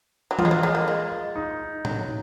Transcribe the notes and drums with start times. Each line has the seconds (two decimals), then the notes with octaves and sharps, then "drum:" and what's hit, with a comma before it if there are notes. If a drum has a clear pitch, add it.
0.31 F#3
0.39 F3 F4, drum: tom E3
0.45 G#3
0.51 F#3
0.63 G#3
0.75 A#3
0.88 G#3
1.36 D#4
1.85 F#3, drum: tom A2